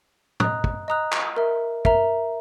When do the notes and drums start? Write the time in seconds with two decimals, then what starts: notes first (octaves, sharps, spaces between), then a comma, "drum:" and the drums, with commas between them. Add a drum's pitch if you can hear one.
0.40 D#5 A#5 D#6 F#6, drum: tom
0.64 drum: kick
0.88 D#5 A#5 D#6 F#6
1.12 drum: clap
1.37 A#4 E5 A#5
1.85 A#4 E5 A#5, drum: kick